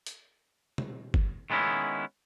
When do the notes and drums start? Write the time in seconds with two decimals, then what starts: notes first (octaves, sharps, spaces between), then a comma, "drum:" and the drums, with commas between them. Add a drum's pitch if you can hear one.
0.06 drum: hi-hat
0.78 drum: tom B2
1.14 drum: kick
1.50 D#3 G#3 B3 C#4 E4